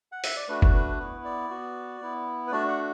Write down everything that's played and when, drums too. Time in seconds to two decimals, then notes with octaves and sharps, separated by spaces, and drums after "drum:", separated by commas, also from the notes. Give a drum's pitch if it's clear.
0.12 F#5
0.24 E5, drum: open hi-hat
0.36 D5
0.48 A3 D4 F#4 B4
0.62 drum: kick F#1
0.74 B4
0.99 B3 E4 B4
1.25 D5
1.50 B3 F#4
2.01 B3 E4
2.47 B4
2.51 A3 D4 F#4 D5
2.68 F#5